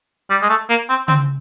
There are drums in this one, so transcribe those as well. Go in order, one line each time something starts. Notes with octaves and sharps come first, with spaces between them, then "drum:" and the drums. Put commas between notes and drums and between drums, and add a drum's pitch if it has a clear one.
G3
G#3
A3
A#3
C4
C4, drum: tom C#3